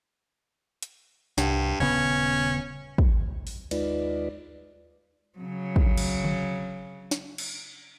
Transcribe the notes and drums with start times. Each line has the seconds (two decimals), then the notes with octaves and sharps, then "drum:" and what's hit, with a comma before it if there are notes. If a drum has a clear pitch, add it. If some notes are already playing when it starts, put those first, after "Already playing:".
0.83 drum: hi-hat
1.38 C2 G2, drum: snare
1.80 D#1 C#3 B3 C#4
2.98 drum: kick
3.47 drum: open hi-hat
3.71 D#2 G#3 D#4 F4 B4 D5, drum: cymbal
5.38 C#3 F#3
5.76 drum: kick
5.97 drum: cymbal
6.24 drum: tom D3
7.11 drum: snare
7.38 drum: cymbal